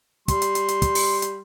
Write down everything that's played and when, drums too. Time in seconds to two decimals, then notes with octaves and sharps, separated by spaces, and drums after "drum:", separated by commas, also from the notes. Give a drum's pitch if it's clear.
0.28 G3 C6, drum: kick, hi-hat
0.42 drum: hi-hat
0.55 drum: hi-hat
0.68 drum: hi-hat
0.82 drum: kick, hi-hat
0.95 drum: open hi-hat
1.22 drum: hi-hat